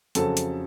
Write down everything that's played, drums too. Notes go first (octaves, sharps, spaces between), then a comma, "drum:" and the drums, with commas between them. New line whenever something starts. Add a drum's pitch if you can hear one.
F2 C#3 F#3 A4 A5, drum: hi-hat
drum: hi-hat